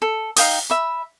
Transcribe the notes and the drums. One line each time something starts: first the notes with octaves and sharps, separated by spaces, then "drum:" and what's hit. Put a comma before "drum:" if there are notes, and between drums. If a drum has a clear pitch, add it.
A4
D#4 F5 G5 D#6, drum: open hi-hat
E5 B5